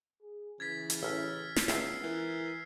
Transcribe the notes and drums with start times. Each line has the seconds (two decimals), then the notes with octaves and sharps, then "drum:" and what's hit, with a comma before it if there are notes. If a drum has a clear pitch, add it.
0.22 G#4
0.60 C#3 E3 G#6 A6 B6
0.90 drum: hi-hat
1.03 A1 E6 F6 B6
1.56 drum: snare
1.68 C#2 B3 E5 E6 C7, drum: snare
2.03 E3 A#4